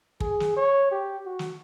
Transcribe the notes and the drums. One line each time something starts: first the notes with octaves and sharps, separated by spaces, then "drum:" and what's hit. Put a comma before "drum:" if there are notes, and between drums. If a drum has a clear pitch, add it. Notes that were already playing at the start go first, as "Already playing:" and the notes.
G#4, drum: kick
drum: snare
C#5
G4
F#4
drum: snare